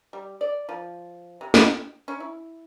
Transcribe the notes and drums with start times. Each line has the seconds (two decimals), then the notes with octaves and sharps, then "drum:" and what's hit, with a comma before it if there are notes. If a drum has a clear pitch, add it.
0.13 G3
0.41 D5
0.69 F3
1.41 C3
1.54 G5, drum: snare
2.08 C#4
2.20 E4